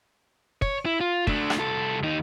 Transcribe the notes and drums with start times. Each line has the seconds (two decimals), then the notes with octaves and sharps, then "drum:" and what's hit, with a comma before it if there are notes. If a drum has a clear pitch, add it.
0.62 C#5, drum: kick
0.86 E4
1.00 F4
1.27 A3 D4, drum: kick
1.50 drum: rim click
1.59 C2 A4
2.03 D#2 D#4